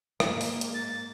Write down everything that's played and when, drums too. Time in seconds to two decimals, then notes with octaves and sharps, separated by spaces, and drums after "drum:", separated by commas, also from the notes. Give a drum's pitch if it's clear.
0.20 G#2 A#3, drum: rim click
0.41 drum: open hi-hat
0.61 drum: hi-hat
0.74 A6